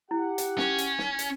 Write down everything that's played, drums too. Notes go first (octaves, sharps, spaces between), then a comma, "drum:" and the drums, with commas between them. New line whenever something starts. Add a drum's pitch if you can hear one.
E4 G4 F#5
drum: hi-hat
C#4, drum: snare
drum: hi-hat
drum: snare
drum: hi-hat